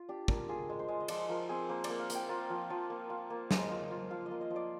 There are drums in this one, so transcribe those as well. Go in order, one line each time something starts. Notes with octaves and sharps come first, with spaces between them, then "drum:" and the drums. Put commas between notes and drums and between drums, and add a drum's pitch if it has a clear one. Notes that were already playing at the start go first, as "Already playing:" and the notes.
Already playing: F4
D4 G4
D4 A#4, drum: kick
F4 G#4
G#3
C5
G#3
D#5
F3 D5, drum: cymbal
F3 A#4
C4 G#4
A#3 C5
D5, drum: cymbal
A#3
F5
A#3, drum: hi-hat
G5
F4 A#5
F3
F3
A#3
F4
A#3
G#3, drum: snare
F4
F4
F3 F5
D#5
A#3
D#5
F3
D5